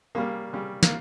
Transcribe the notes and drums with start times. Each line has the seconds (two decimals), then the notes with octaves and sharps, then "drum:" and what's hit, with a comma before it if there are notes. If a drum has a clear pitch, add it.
0.15 C#3 G3 A#3
0.53 C#3 G3
0.83 A#3, drum: snare